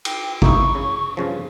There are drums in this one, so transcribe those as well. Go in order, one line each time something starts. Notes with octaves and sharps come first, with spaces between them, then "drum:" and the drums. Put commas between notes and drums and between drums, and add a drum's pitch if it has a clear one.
G5, drum: cymbal
A#3 D#4 E4 C#6, drum: kick
C#3
G2 C#3 F3